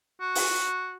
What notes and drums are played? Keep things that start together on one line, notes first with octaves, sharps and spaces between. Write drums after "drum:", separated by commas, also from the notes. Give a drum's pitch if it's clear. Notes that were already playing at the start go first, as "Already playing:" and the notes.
F#4
drum: open hi-hat